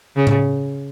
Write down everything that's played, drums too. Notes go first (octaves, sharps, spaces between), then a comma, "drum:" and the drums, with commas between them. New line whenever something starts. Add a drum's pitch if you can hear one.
C#3
drum: tom A2